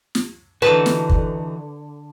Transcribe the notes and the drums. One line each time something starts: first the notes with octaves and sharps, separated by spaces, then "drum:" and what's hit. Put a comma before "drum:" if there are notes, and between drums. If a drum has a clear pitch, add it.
drum: snare
D3 E3 D#4 F#4 B4 A5
drum: snare
drum: kick